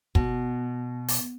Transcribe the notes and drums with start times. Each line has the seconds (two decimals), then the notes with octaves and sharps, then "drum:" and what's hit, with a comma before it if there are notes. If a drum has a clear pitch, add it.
0.15 B2, drum: kick
1.08 drum: open hi-hat